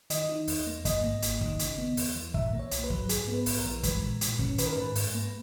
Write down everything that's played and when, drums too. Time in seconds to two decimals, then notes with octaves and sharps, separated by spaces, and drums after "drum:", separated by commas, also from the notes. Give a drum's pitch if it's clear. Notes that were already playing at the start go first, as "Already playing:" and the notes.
0.10 D#3 D#5, drum: hi-hat
0.29 D#4
0.48 E2, drum: open hi-hat
0.67 A#3
0.85 G#2 D#5, drum: kick, hi-hat
1.03 A#3
1.22 G#1, drum: hi-hat
1.41 D#3, drum: kick
1.59 C#3, drum: hi-hat
1.78 B3
1.97 E2, drum: open hi-hat
2.15 E3
2.34 A#2 E5, drum: kick
2.53 A#3
2.59 C#5
2.71 B1, drum: hi-hat
2.84 B4
2.90 F#3, drum: kick
3.09 G#2 G#4, drum: hi-hat
3.28 B3
3.34 B4
3.46 A#1, drum: open hi-hat
3.58 A#4
3.65 E3
3.83 G#3 B4, drum: kick, hi-hat
4.02 A#2
4.21 A#2, drum: hi-hat
4.39 C#4, drum: kick
4.58 D#3 B4, drum: hi-hat
4.66 A#4
4.73 G#2 B4
4.95 G#2, drum: open hi-hat
5.14 A#3